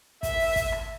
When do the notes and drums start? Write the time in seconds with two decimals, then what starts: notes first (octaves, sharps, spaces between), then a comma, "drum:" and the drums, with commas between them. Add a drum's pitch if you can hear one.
0.23 E5, drum: kick, hi-hat
0.39 drum: open hi-hat
0.56 drum: kick, hi-hat
0.72 drum: rim click